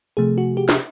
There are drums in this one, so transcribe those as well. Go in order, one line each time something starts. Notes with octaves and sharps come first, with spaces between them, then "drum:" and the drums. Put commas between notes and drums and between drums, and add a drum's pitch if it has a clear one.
C3 F3 A3 G#4
F#4
G4
G4, drum: snare